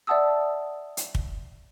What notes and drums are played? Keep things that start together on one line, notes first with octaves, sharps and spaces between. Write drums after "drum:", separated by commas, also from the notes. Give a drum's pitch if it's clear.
D5 E5 F#5 A5 D#6 E6
drum: hi-hat
drum: kick